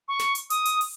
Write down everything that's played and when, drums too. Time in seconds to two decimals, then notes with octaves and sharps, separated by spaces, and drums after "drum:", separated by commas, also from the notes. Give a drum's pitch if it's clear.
0.08 C#6
0.20 drum: snare
0.35 drum: hi-hat
0.50 D#6, drum: hi-hat
0.65 drum: hi-hat
0.81 drum: open hi-hat